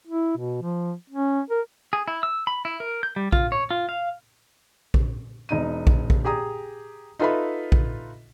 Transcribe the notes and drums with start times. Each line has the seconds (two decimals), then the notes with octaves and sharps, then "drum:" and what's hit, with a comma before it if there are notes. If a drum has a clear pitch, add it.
0.08 E4
0.38 B2
0.62 F3
1.10 C#4
1.50 A#4
1.93 G#4
2.08 E4
2.23 E6
2.47 B5
2.65 E4
2.80 A#4
3.03 G6
3.16 G3
3.32 F4, drum: kick A#1
3.52 C#5
3.71 F4
3.89 F5
4.94 drum: kick A#1
5.49 E1 D#4 D#7
5.87 drum: kick A#1
6.10 drum: kick A#1
6.25 G4 G#4 A#5 D#6
7.19 D#4 F4 A4 B4 E5 B5
7.72 drum: kick A#1